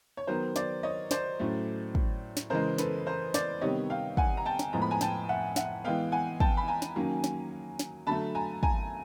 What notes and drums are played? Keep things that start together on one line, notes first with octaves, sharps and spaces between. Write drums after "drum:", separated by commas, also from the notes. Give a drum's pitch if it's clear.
C#5
D#3 F#3 B3 A#4 C5
C5 D5, drum: snare
C#5 D#5
C5 D5, drum: snare
A2 F#3 A3 C#4
drum: kick
drum: snare
C#3 E3 G#3 A#4 C5
A4 B4, drum: snare
A#4 C5
C5 D5, drum: snare
C3 D#3 G3 B3 C#5 D#5
F5 G5
F#5 G#5, drum: kick
A#5
G5 A5
drum: snare
A2 F3 G#3 B3 A#5
B5
G#5 A#5
G5 A5, drum: snare
E5 F#5
E5 F#5, drum: snare
E3 G#3 B3 F5 G5
F#5 G#5
G5 A5, drum: kick
B5
G#5 A#5
drum: snare
D#3 F#3 A#3 C#4
drum: snare
drum: snare
D3 F#3 A3 A5 B5
G#5 A#5
G#5 A#5, drum: kick